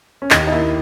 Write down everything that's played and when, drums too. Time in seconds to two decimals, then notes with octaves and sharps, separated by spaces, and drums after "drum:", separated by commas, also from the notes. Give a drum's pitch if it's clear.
0.22 C#4
0.31 D#2 D#4, drum: clap
0.47 D#4
0.52 A#3 E4